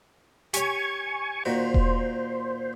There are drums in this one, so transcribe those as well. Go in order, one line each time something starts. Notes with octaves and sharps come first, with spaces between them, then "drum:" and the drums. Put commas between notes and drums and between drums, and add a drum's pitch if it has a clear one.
G4 C#5 G#5 C#6, drum: hi-hat
A#2 D#3 F#4 C5
drum: kick E1